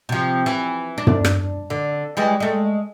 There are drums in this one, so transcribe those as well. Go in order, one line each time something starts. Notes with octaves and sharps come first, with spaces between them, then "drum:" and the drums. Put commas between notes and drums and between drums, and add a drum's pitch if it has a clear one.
C3 F3
E3
D4
drum: tom
drum: rim click
D3
E3 G3 G#3
G#3 A3